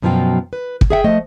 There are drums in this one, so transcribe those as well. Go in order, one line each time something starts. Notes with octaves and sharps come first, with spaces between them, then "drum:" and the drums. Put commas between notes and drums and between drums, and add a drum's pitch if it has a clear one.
F#2 B2 F3 F#3 F4 G5
B4
drum: kick
G#4 E5 F#5 G5
F3 A3 D#5